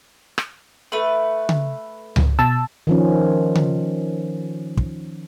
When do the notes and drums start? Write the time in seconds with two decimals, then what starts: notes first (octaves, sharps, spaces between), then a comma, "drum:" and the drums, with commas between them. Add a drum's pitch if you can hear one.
0.38 drum: rim click
0.92 A3 B4
1.49 drum: tom C#3
2.16 drum: tom C#2
2.39 B2 A5 E6
2.87 D#3 F3 C#4
3.55 drum: tom C#3
4.77 drum: kick